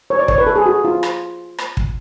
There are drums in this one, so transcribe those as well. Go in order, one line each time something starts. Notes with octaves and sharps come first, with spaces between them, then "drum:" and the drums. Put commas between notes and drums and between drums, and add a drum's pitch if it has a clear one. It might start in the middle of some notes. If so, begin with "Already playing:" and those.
C#5
D5
C#5, drum: kick
B4
A4
G#4
F#4
F4
drum: rim click
drum: rim click
drum: kick